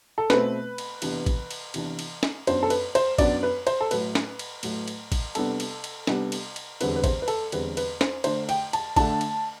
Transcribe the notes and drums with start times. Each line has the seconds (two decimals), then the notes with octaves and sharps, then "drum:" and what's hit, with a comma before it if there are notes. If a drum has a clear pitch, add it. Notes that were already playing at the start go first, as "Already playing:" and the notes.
0.18 A4
0.30 B2 A3 C4 B4, drum: snare
0.78 drum: cymbal
1.02 C3 E3 B3 D4, drum: cymbal
1.26 drum: kick, cymbal
1.51 drum: cymbal
1.74 C3 E3 B3 D4, drum: cymbal
1.99 drum: cymbal
2.23 drum: snare
2.47 F#2 F#3 B3 D4 C5, drum: cymbal
2.63 A4
2.70 B4, drum: cymbal
2.95 C5, drum: cymbal
3.18 F#2 F#3 B3 D4 D5, drum: kick, cymbal
3.43 B4
3.67 C5, drum: cymbal
3.81 A4
3.91 A2 F#3 A3 B4, drum: cymbal
4.15 drum: snare
4.39 drum: cymbal
4.63 A2 F#3 A3, drum: cymbal
4.88 drum: cymbal
5.12 drum: kick, cymbal
5.35 C3 G3 B3 D4 A4, drum: cymbal
5.60 drum: cymbal
5.84 drum: cymbal
6.07 C3 G3 B3 D4, drum: snare
6.32 drum: cymbal
6.56 drum: cymbal
6.81 E2 D3 G3 C4 B4, drum: cymbal
6.96 B4
7.04 C5, drum: kick, cymbal
7.22 B4
7.28 A4, drum: cymbal
7.52 E2 D3 G3 C4 B4, drum: cymbal
7.77 B4, drum: cymbal
8.01 C5, drum: snare
8.24 D3 A3 D4 C5, drum: cymbal
8.49 G5, drum: cymbal
8.73 A5, drum: cymbal
8.96 D3 A3 D4 A5, drum: kick, cymbal
9.21 drum: cymbal